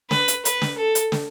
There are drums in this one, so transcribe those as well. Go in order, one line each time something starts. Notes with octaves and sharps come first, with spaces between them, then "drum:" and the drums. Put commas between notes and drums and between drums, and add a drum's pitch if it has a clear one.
B4, drum: snare
drum: hi-hat
B4, drum: hi-hat
drum: snare
A4
drum: hi-hat
drum: snare